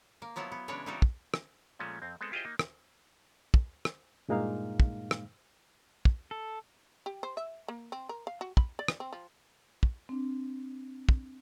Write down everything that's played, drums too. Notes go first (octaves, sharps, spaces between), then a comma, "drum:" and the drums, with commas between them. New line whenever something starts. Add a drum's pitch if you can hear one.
A#3
F3 F#3 B3 E4 F4
B3
C#3 E3 G#3 D4 B4 C#5
E3 G3 C4 D#4 F4 F#4
drum: kick
drum: rim click
A#2 F3 G#3 A3 C#4
F2 C4
G#3 B3 C4 A4
E4 F4 G4 G#4 C5 D#5
A#3 D#4
drum: rim click
drum: kick
drum: rim click
G2 A#2 G#3 A#3 D#4 F5
drum: kick
drum: rim click
drum: kick
A4
G4
C5
E5
A#3
C4
A#4
F5
F#4
B5, drum: kick
D5
drum: rim click
C4
F3
drum: kick
C4 D4
drum: kick